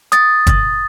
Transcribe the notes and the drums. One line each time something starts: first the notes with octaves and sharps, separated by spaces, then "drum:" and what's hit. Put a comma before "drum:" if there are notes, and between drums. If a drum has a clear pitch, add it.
D#6 A6, drum: hi-hat
drum: kick, hi-hat